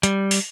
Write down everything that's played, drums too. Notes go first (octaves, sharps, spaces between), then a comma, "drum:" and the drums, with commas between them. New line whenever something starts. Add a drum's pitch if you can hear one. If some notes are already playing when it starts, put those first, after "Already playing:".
G3, drum: hi-hat
drum: open hi-hat